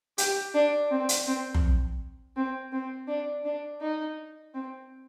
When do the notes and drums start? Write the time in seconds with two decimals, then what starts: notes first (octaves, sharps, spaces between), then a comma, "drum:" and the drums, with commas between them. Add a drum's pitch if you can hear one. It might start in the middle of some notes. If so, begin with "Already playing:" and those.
0.18 G4, drum: hi-hat
0.54 D4
0.90 C4
1.09 drum: hi-hat
1.26 C4
1.54 drum: tom
2.36 C4
2.72 C4
3.08 D4
3.45 D4
3.81 D#4
4.54 C4